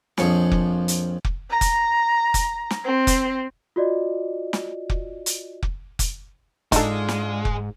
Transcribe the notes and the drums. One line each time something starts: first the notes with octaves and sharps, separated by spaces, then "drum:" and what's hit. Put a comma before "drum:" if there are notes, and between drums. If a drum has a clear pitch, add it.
A#1 F2 F3 G#4 C#5 C#6, drum: snare
drum: kick F1
drum: hi-hat
drum: kick F1
A#5
drum: kick F1, hi-hat
drum: kick F1, hi-hat
drum: snare
C4
drum: kick F1, hi-hat
F4 F#4 D5 D#5
drum: snare
drum: kick F1
drum: hi-hat
drum: kick F1
drum: kick F1, hi-hat
G#2 G#3 D4 D#4 F4 A4, drum: kick F1, hi-hat
drum: snare
drum: kick F1